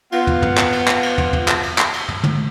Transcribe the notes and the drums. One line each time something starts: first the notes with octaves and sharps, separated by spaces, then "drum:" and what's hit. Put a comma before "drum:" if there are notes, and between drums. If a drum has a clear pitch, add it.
B3 F4 F#5, drum: cymbal
drum: tom
drum: tom
drum: clap
drum: cymbal
drum: clap
drum: cymbal
drum: tom
drum: tom
drum: clap
drum: cymbal
drum: clap
drum: cymbal
drum: tom
drum: tom